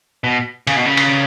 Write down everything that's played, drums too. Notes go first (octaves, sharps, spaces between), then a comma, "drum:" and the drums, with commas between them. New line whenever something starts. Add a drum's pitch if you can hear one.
B2
C#3, drum: cymbal
B2
C#3
drum: cymbal